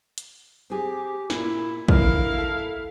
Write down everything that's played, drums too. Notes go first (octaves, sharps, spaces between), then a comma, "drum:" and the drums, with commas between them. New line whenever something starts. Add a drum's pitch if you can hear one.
drum: hi-hat
C4 G4 G#4
A#2 E4, drum: snare
D3 E4 A#4 F5, drum: kick
A4